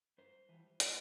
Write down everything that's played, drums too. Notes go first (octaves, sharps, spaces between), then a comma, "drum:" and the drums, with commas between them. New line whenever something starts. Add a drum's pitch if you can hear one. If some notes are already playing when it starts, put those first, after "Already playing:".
G2 C5
E3 G3
A2, drum: hi-hat